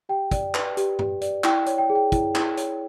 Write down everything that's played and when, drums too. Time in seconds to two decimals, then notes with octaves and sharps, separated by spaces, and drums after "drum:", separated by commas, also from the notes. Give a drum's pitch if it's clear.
0.09 G4 G5
0.31 D5, drum: kick, hi-hat
0.54 B4, drum: clap
0.77 G4, drum: hi-hat
0.99 G4, drum: tom G2
1.21 D5, drum: hi-hat
1.44 E4 G5, drum: clap
1.66 C#5, drum: hi-hat
1.78 G5
1.90 G#4
1.95 G5
2.12 E4, drum: kick, hi-hat
2.35 E4, drum: clap
2.57 C#5, drum: hi-hat